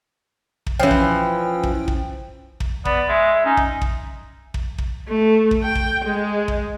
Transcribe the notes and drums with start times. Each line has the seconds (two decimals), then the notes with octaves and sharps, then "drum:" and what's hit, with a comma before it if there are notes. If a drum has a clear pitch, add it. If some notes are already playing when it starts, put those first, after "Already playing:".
0.67 drum: kick
0.80 E3 F3 C#4 G5
0.91 drum: kick
1.63 drum: kick
1.88 drum: kick
2.60 drum: kick
2.85 B3 D5, drum: kick
3.09 G#3 E5
3.45 C#4 D#4
3.57 drum: kick
3.81 drum: kick
4.54 drum: kick
4.78 drum: kick
5.08 A3
5.51 drum: kick
5.63 G5
5.75 drum: kick
6.05 G#3
6.48 drum: kick